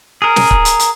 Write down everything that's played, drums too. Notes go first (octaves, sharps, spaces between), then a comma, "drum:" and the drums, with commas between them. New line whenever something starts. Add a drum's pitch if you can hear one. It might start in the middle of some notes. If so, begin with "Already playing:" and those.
G#4 A#4
drum: snare
drum: kick C#1
drum: hi-hat
drum: hi-hat